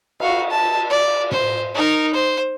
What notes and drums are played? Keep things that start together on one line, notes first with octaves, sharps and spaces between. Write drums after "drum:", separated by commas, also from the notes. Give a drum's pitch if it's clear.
F#4 F5, drum: cymbal
A5
D5
C5, drum: tom
D#4 A#4
C5